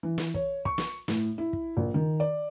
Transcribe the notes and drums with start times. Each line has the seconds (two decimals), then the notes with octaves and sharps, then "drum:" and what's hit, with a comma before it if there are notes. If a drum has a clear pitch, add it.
0.03 E3
0.18 drum: snare
0.34 C#5, drum: kick
0.65 C#6, drum: kick
0.78 drum: snare
1.08 A2, drum: snare
1.38 E4
1.53 drum: kick
1.77 A#1
1.94 D#3
2.20 D5